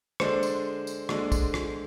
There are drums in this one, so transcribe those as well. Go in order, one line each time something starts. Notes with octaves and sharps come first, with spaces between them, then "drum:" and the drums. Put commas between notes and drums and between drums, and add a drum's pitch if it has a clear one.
D3 G#3 D4 C5, drum: rim click
drum: tambourine
drum: tambourine
D3 G#3 D4, drum: rim click
drum: kick, tambourine
drum: rim click